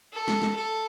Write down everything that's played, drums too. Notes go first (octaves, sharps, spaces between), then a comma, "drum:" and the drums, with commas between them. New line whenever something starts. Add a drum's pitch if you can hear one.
A4
drum: snare
drum: snare
A4